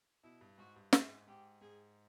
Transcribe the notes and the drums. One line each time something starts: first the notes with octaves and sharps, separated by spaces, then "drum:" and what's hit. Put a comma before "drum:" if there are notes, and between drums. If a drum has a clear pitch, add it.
B2 E4
G2
G#2 F#4
G2
G#2 G#4, drum: snare
G#2 G4
G#2 G#4